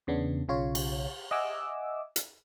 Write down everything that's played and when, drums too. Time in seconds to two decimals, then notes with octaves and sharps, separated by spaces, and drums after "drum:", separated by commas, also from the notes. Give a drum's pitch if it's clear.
0.07 E2 C#3 B3 D4
0.48 B1 C#3 F4 C#5
0.75 drum: cymbal
1.31 D#5 E5 F#5 G#5 D6 E6
2.16 drum: hi-hat